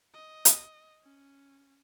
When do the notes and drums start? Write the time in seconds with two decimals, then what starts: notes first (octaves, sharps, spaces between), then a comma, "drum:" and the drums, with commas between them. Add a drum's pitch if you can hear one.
0.14 D#5
0.45 drum: hi-hat
1.03 C#4